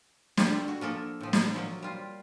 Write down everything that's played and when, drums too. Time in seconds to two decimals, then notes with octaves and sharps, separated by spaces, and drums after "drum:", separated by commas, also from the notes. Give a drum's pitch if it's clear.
0.37 D4 F4 G4 A4 C#5, drum: snare
0.68 F#4
0.81 F3 A#3 A4 A#4
1.21 A2 F3
1.33 drum: snare
1.54 F3 F#3 A#3
1.82 G3 F4